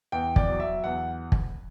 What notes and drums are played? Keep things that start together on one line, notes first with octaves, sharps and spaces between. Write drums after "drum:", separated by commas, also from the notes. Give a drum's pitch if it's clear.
E2 G5
D5, drum: kick
F#3
E5
E2 F#5
drum: kick